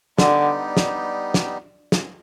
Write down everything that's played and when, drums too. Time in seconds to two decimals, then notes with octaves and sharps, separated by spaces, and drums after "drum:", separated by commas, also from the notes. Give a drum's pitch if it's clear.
0.18 D3 G3 B3 D#4 G4, drum: snare
0.77 drum: snare
1.34 drum: snare
1.92 drum: snare